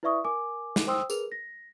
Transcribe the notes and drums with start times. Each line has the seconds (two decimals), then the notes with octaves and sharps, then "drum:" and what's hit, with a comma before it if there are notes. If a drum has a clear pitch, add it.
0.03 E4 B4 D5 E5 C#6 D#6
0.25 A#4 G#5 D6
0.76 drum: snare
0.87 C5 G5 C6 D#6 E6
1.10 G#4 A#4 B4 F7, drum: tambourine
1.32 A#6